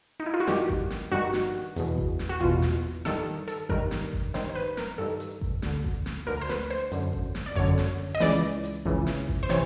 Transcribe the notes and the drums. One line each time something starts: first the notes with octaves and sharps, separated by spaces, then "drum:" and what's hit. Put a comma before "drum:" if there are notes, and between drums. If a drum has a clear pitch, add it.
D#4
E4
F4
F#4
G2 D#3 G4, drum: snare
drum: kick G#1
drum: snare
G2 D#3 F#4
drum: snare
E2 B2, drum: hi-hat
drum: kick G#1
drum: snare
F#4
E2 B2 F4, drum: kick G#1
drum: snare
G2 D#3 A4, drum: snare
A4, drum: hi-hat
G2 D#3 A#4, drum: kick G#1
drum: snare
drum: kick G#1
G2 D#3 C5, drum: snare
C5
B4
A#4, drum: snare
G2 D#3 A4
drum: hi-hat
drum: kick G#1
D2 D3, drum: snare
drum: kick G#1
drum: snare
D2 D3 A#4
C5
B4, drum: snare
C5
F#2 D3, drum: hi-hat
drum: kick G#1
drum: snare
D5
F#2 D3 C#5, drum: kick G#1
drum: snare
D#5
C#2 C#3 E3 D5, drum: snare
drum: hi-hat
C#2 C#3 E3, drum: kick G#1
drum: snare
drum: kick G#1
C5
C3 E3 C#5, drum: snare